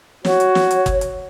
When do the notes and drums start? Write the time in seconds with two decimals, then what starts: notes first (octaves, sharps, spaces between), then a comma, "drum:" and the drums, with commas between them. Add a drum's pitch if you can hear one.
0.25 F#4 C#5, drum: snare
0.40 drum: hi-hat
0.55 drum: snare
0.71 drum: hi-hat
0.86 drum: kick G1, hi-hat
1.01 drum: hi-hat